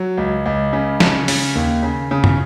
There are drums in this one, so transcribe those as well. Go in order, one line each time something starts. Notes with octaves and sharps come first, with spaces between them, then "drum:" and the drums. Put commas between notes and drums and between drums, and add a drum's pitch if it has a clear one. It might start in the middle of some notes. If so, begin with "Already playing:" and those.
Already playing: F#3
C#2
C#2
C#3
C#3, drum: snare
C#3, drum: open hi-hat
D#2
C#3
C#3
drum: tom